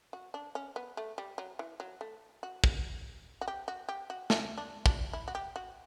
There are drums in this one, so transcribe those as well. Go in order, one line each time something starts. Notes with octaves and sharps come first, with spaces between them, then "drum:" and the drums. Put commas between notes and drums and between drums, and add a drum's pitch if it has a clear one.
F#4
D4
C#4
B3
A3
G3
F#3
E3
F#3
A3
F#4
drum: kick
F#4
G4
F#4
G4
F#4
C#4, drum: snare
D4
D4, drum: kick
E4
F#4
G4
F#4